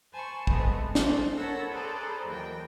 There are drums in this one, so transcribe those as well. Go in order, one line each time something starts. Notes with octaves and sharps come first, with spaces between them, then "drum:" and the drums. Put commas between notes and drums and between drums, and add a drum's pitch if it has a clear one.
C5 G#5 A5 B5 C#6
E3 G#3 A3 B3 C4, drum: kick
A4 C5, drum: snare
A4 A#4 C#5 F#5 B5 E6
G#4 A4 B4 C5 D5 A#5
D#2 E3 F#3 A#4 G5